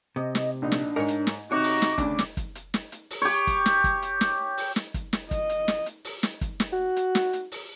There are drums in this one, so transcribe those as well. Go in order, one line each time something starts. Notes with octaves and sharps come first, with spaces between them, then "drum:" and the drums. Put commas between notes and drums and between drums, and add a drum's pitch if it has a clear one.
C3 D#5
drum: snare
A#1 D4 D#4
drum: snare
G#2 A#4 C#5
drum: hi-hat
drum: snare
C3 D#4 F#4 C#5 D6
drum: open hi-hat
drum: snare
D2 C#3 D4, drum: kick, hi-hat
drum: snare
drum: kick, hi-hat
drum: hi-hat
drum: snare
drum: hi-hat
drum: open hi-hat
G4 C#5
drum: kick, hi-hat
drum: snare
drum: kick, hi-hat
drum: hi-hat
drum: snare
drum: open hi-hat
drum: snare
drum: kick, hi-hat
drum: snare
D#5, drum: kick, hi-hat
drum: hi-hat
drum: snare
drum: hi-hat
drum: open hi-hat
drum: snare
drum: kick, hi-hat
drum: snare
F#4
drum: hi-hat
drum: snare
drum: hi-hat
drum: open hi-hat